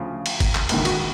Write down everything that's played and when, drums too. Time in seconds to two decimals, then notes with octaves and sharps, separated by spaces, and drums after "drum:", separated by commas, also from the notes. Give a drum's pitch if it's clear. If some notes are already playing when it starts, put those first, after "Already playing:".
Already playing: D2 C#3 F3
0.26 drum: cymbal
0.40 drum: kick, cymbal
0.55 drum: clap
0.69 A#1 G#2 D#3, drum: cymbal
0.85 F#4, drum: cymbal